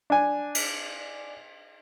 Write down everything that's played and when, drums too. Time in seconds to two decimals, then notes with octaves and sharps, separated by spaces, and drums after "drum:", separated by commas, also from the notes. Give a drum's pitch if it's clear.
0.10 D4 G#5
0.55 drum: cymbal